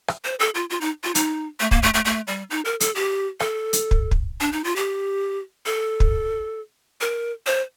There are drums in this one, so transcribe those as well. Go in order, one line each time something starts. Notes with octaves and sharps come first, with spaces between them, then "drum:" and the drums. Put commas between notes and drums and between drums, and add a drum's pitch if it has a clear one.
drum: rim click
C5
A4
F4
F4
D#4
F4
D#4, drum: hi-hat
A3
A#3, drum: kick
A3
A3
A3
G3
D#4
A#4
A4, drum: hi-hat
G4
A4, drum: rim click
drum: hi-hat
drum: kick
drum: kick
D4
D#4
F4
G4
A4
drum: kick
A#4
C5